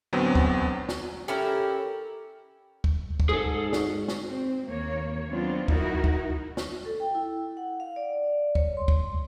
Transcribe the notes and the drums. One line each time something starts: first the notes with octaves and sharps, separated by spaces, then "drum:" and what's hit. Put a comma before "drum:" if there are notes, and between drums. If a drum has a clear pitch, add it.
A1 D2 F#3 B3 C4
drum: kick
drum: snare
C#4 E4 G4 A4 A#4
drum: kick
drum: kick
G#2 G#4 A4
drum: snare
drum: snare
C4
D#2 A#3 C#5
F#3 B3 C4 D4 F4
D#4 E4 F#4 A#4, drum: kick
drum: kick
drum: snare
A4
G5
E4
F#5
F5
D5
C#5, drum: kick
C6
drum: kick